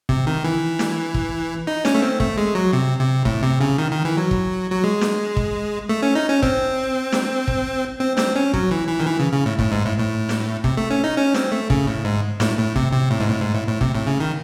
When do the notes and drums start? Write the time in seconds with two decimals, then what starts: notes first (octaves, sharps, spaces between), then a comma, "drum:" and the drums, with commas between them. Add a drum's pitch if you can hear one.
0.09 C3, drum: kick
0.27 D#3
0.44 E3
0.79 drum: snare
1.14 drum: kick
1.67 D#4
1.85 C#4, drum: snare
1.95 A3
2.02 C4
2.20 A3, drum: kick
2.37 G#3
2.55 F#3
2.73 C3
2.99 C3
3.25 A2, drum: kick
3.43 C3
3.61 C#3
3.78 D#3
3.91 D#3
4.05 E3
4.17 F#3
4.31 drum: kick
4.72 F#3
4.84 G#3
5.01 drum: snare
5.36 drum: kick
5.89 A3
6.02 C#4
6.15 D#4
6.29 C#4
6.43 C4, drum: kick
7.12 drum: snare
7.48 drum: kick
8.00 C4
8.17 C4, drum: snare
8.36 C#4
8.54 F#3, drum: kick
8.71 E3
8.88 E3
9.00 D#3
9.06 E3
9.19 C#3
9.32 C#3
9.46 A2
9.59 A2, drum: kick
9.72 G#2
9.85 A2
9.98 A2
10.29 drum: snare
10.64 C3, drum: kick
10.77 A3
10.91 C#4
11.04 D#4
11.17 C#4
11.34 C4, drum: snare
11.52 A3
11.70 C#3, drum: kick
11.87 A2
12.04 G#2
12.40 A2, drum: snare
12.58 A2
12.76 C3, drum: kick
12.93 C3
13.11 A2
13.20 G#2
13.28 A2
13.41 G#2
13.54 A2
13.67 A2
13.81 C3, drum: kick
13.95 A2
14.07 C#3
14.20 D#3